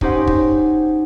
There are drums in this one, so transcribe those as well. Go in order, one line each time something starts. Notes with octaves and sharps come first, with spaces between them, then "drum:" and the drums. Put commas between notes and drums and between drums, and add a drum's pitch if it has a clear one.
C#4 D#4 G4 C5 F#5, drum: kick
drum: kick